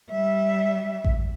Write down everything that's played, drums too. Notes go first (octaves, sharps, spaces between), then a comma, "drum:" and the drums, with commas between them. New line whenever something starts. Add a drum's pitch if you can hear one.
G3 E5
drum: kick A1